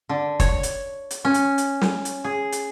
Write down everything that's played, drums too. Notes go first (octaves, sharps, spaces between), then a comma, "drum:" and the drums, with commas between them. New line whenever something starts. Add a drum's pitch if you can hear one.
D3
C#5, drum: kick, hi-hat
drum: hi-hat
drum: hi-hat
C#4
drum: hi-hat
drum: hi-hat
drum: snare
drum: hi-hat
G#4
drum: hi-hat